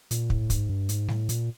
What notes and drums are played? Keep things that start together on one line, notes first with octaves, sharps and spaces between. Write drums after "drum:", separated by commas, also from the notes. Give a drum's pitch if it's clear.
A#2, drum: hi-hat
A2, drum: kick
G#2, drum: kick, hi-hat
G2
G#2, drum: hi-hat
A2, drum: snare G3
A#2, drum: hi-hat